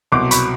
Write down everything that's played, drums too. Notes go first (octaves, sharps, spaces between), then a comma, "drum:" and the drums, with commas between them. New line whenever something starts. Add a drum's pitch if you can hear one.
C2 B2 F#3 C6 D6
B5 C#6, drum: hi-hat